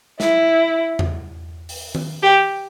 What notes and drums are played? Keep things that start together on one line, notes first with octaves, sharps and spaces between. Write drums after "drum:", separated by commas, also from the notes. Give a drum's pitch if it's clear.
E4, drum: snare
drum: tom E2
drum: open hi-hat
drum: tom D#3
G4